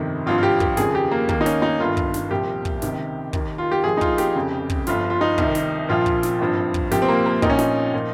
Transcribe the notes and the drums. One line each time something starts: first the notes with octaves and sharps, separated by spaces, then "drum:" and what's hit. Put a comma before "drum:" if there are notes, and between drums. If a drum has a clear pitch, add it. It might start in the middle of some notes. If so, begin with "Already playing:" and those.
Already playing: G1 F2 C3 D#3
G#1 G2 F3 F4
F4
G4
G4, drum: kick
F1 D#2 C#3 F3 G#4, drum: snare
G4
A#3
D#2 D#3 A#3, drum: kick
D#4
C#4, drum: snare
D#4
G1 G2 D#3 F4
drum: kick
drum: snare
C2 A#2 F3 G4
drum: kick
C#2 C3 D#3, drum: snare
D#2 D#3, drum: kick
F4
G4
A#1 A#2 F3 G#4
D#4
F4, drum: kick
G4, drum: snare
F1 F2 C#3
drum: kick
G1 G2 F3 F4, drum: snare
F4
D#4
C2 C3 D#3, drum: kick
drum: snare
A#1 A#2 F3 F4
drum: kick
drum: snare
G#1 G2 F3
drum: kick
C2 A#2 F3 G4, drum: snare
C4
A#3
A#3
A#1 A#2 F3 D#4, drum: kick
C#4
D#4, drum: snare
A#2 F3